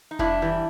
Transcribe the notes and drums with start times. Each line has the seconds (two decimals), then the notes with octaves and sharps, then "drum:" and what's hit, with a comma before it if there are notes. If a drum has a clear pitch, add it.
0.11 D#4
0.19 G2 D4 E4, drum: kick F1
0.42 E3 G3